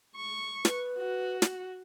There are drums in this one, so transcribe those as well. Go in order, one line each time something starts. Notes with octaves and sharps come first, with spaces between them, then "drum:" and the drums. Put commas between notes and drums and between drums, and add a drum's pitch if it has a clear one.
C#6
B4, drum: snare
F#4
drum: snare